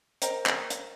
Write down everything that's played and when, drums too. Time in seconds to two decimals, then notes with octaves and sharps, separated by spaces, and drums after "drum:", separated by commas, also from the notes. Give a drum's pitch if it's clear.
0.22 A#4 C5 D#5 G5 A#5, drum: hi-hat
0.46 drum: clap
0.70 drum: hi-hat